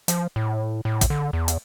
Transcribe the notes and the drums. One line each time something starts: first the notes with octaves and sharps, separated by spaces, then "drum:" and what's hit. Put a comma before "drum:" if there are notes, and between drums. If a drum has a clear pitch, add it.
F3, drum: hi-hat
A2
A2
drum: kick, hi-hat
D3
E2
drum: hi-hat